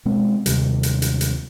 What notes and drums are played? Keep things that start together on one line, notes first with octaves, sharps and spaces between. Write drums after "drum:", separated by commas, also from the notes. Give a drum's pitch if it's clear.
B2 G#3 C4
D#2 C3 G3, drum: hi-hat
drum: hi-hat
drum: hi-hat
drum: hi-hat